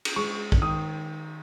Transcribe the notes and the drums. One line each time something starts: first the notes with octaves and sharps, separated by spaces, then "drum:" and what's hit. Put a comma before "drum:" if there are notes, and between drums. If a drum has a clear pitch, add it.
drum: cymbal
G#3 C#6
drum: kick
D#3 D#6